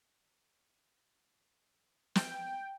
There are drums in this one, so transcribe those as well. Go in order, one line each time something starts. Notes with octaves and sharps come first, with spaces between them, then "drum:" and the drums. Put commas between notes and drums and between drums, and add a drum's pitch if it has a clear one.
G5, drum: snare